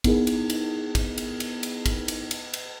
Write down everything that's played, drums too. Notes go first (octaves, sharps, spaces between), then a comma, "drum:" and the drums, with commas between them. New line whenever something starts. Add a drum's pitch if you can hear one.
B3 D#4 E4 G#4 A#4, drum: kick, cymbal
drum: cymbal
drum: cymbal
drum: kick, cymbal
drum: cymbal
drum: cymbal
drum: cymbal
drum: kick, cymbal
drum: cymbal
drum: cymbal
drum: cymbal